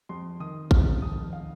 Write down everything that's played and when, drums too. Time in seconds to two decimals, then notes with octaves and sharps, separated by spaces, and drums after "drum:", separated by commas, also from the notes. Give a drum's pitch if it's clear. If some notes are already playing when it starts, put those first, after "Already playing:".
0.09 F2 C6
0.40 D#3 D#6
0.71 D#3 F6, drum: kick A1
1.02 F2 D#6
1.33 D#3 F5